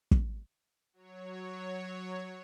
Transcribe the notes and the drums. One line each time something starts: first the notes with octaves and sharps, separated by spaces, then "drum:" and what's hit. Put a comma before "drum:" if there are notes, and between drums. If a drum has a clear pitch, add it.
drum: kick
F#3 C#5